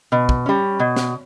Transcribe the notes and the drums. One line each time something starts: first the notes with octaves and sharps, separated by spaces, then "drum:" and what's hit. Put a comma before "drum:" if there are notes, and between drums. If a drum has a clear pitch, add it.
B2
drum: kick
G3 C#4
B2
drum: snare